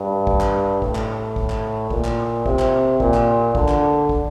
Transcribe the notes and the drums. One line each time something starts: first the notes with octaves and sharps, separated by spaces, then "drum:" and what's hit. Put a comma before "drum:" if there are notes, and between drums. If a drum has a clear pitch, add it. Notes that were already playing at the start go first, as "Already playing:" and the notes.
Already playing: G2
drum: kick
drum: clap
A2, drum: kick
drum: clap
drum: kick
drum: clap
A#2, drum: kick
drum: clap
C3, drum: kick
drum: clap
A#2, drum: kick
drum: clap
D3, drum: kick
drum: clap
drum: kick